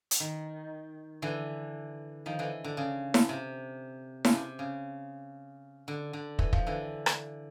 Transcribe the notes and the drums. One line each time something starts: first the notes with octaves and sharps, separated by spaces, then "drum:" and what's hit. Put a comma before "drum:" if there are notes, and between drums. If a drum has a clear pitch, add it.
drum: hi-hat
D#3
D3 E3
D#3 F3
D3 E3
D3
C#3
drum: snare E4
C3
C#3, drum: snare E4
C3
C#3
D3
D3
E3, drum: kick
F3, drum: kick
D3 E3
drum: rim click